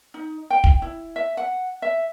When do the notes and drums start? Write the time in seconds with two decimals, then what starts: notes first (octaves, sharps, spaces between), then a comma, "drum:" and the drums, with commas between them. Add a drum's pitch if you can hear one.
0.14 D#4
0.50 G5
0.64 drum: kick
0.82 E4
1.16 E5
1.37 F#5
1.82 E5